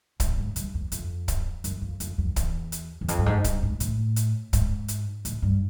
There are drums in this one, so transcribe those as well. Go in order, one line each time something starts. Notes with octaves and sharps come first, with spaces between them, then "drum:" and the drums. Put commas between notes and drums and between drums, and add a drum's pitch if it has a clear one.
G#2, drum: kick, hi-hat
G#2
G2, drum: hi-hat
F2
F2, drum: hi-hat
drum: kick, hi-hat
F#2, drum: hi-hat
F2
F2, drum: hi-hat
F2
E2, drum: kick, hi-hat
drum: hi-hat
E2
F2, drum: hi-hat
G2
G#2
G2, drum: kick, hi-hat
G#2
A2, drum: hi-hat
drum: hi-hat
G#2, drum: kick, hi-hat
drum: hi-hat
A2, drum: hi-hat
G2